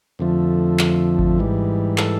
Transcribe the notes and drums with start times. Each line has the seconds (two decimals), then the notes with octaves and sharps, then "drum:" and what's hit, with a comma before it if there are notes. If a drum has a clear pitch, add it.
0.19 F2 D3 F3 A3
0.79 drum: clap
1.19 drum: kick G#1
1.38 G#2 E3 G3
1.98 A4, drum: clap